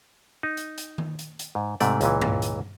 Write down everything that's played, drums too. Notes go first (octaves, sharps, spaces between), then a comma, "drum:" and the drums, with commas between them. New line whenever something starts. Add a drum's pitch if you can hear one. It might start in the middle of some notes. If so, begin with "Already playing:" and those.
D#4
drum: hi-hat
drum: hi-hat
drum: tom D#3
drum: hi-hat
drum: hi-hat
G#2
G#2 C3 A3 D5, drum: hi-hat
C#2 A#2 E3, drum: hi-hat
drum: tom G2
drum: hi-hat